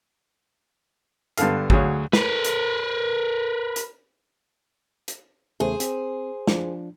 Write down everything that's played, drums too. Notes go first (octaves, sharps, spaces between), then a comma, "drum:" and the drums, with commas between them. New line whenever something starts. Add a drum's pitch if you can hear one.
G2 D3 B3 A4 F5, drum: hi-hat
D2 F#3 G#4 C#5 F5, drum: kick
A#4 B4, drum: snare
drum: hi-hat
drum: hi-hat
drum: hi-hat
E2 C#3 A3 G#4 C5
C4, drum: hi-hat
F3 D4, drum: snare